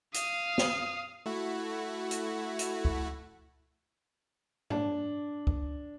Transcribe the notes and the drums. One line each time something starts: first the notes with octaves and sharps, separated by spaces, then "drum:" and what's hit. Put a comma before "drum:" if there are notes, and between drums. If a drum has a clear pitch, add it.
F5 D#6, drum: hi-hat
drum: snare
A3 E4 F#4
drum: hi-hat
drum: hi-hat
drum: kick C#2
D4, drum: tom G#2
drum: kick C#2